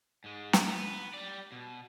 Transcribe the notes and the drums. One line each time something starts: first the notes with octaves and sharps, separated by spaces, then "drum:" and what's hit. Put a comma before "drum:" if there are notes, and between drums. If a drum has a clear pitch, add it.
G#2 G#3
drum: snare
B3
G3 D5
B2